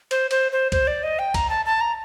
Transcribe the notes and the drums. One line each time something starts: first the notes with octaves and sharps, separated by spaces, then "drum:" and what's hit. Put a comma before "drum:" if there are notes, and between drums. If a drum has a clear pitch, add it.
C5, drum: cymbal
C5, drum: cymbal
C5
C5, drum: kick C#2, cymbal
D5
D#5
G5
A#5, drum: kick C#2, cymbal
A5
A5
A#5